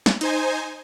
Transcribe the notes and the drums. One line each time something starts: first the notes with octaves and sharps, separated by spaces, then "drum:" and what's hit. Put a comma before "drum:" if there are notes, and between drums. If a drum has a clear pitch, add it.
drum: snare
D#4 C5 G#5, drum: hi-hat